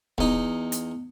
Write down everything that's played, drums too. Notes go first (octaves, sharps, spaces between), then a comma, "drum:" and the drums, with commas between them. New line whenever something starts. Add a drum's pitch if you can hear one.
E2 D#4, drum: kick
drum: hi-hat